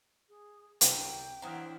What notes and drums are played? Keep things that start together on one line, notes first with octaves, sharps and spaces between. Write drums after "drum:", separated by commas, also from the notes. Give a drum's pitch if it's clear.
G#4
C2 G5, drum: hi-hat
E3 F#3 C4 D4 E4 A#5 D#6 F6